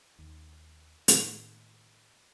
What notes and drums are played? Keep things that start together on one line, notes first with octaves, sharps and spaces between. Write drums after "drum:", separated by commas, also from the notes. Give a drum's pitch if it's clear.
D#2
A2 D#3, drum: hi-hat